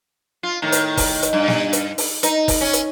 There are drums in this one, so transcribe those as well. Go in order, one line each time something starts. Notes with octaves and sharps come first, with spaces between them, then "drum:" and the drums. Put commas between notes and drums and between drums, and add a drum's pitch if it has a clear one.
F4
A2 D#3
drum: hi-hat
drum: kick F#1, open hi-hat
drum: hi-hat
G2
drum: snare
drum: hi-hat
drum: open hi-hat
D#4, drum: hi-hat
drum: kick F#1, open hi-hat
C#4
drum: hi-hat